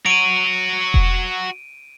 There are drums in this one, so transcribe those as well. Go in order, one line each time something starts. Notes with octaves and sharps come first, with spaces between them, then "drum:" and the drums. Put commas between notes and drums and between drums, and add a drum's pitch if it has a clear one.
F#4 C#5 D7 D#7
drum: kick E1